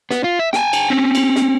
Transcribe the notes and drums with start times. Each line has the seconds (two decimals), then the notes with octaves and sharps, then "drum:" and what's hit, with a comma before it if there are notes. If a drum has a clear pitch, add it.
0.11 B3, drum: snare
0.24 F4
0.39 E5
0.53 G5 G#5, drum: snare
0.73 drum: cymbal
0.90 C4 C#4
1.15 drum: cymbal
1.36 drum: snare